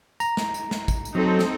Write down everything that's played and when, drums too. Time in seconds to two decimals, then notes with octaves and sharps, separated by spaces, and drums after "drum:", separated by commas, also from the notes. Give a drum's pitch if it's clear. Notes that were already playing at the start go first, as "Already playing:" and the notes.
0.20 A#5, drum: tambourine
0.37 drum: snare
0.54 drum: tambourine
0.71 drum: snare
0.88 drum: kick, tambourine
1.05 drum: tambourine
1.15 F#3 C4 D#4 A4
1.39 drum: snare